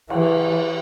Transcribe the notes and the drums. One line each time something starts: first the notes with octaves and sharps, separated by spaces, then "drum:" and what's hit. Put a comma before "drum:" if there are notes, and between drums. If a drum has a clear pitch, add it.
E3, drum: cymbal